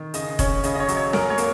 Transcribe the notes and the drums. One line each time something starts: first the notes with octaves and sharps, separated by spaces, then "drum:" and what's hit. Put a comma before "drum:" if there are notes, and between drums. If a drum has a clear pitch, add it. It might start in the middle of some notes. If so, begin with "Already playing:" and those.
Already playing: D#3
C#3 D#5, drum: hi-hat
C#4 C#5, drum: kick F1, hi-hat
C#3 D#5, drum: hi-hat
D#5
C#5
F#3, drum: hi-hat
C#5
F#2 A#4, drum: snare
C#5
A#3, drum: hi-hat